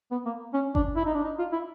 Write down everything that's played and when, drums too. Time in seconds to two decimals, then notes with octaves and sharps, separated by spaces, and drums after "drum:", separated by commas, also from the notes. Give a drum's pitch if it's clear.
0.11 B3
0.26 A#3
0.53 C#4
0.75 D4, drum: kick G1
0.96 E4
1.05 D#4
1.14 D4
1.24 D#4
1.39 F4
1.52 E4